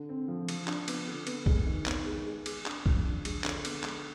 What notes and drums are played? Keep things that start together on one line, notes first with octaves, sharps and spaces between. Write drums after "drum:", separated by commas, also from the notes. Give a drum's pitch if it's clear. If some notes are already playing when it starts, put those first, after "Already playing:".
Already playing: D3
C4
F3
F3, drum: cymbal
D4, drum: clap
B3, drum: cymbal
D3
B3, drum: cymbal
G#3, drum: kick A#1
D#3
B3, drum: clap
G#3
G#3
G#4, drum: cymbal
D4, drum: clap
F3, drum: kick A#1
D4
G#3, drum: cymbal
D3, drum: clap
B3, drum: cymbal
G#3, drum: clap